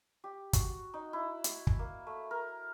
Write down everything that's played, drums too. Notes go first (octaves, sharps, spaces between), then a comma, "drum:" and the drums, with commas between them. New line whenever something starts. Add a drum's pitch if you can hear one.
G4
F#4, drum: kick, hi-hat
D#4
E4
drum: hi-hat
drum: kick
A#3
A3
A#4